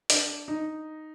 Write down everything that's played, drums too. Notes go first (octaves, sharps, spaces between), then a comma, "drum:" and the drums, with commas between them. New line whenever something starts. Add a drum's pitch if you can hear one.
D4, drum: hi-hat
D#4